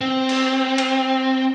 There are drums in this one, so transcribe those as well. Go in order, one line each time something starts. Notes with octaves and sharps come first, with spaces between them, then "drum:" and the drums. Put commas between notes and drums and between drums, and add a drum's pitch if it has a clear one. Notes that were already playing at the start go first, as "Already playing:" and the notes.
C4
drum: cymbal
drum: cymbal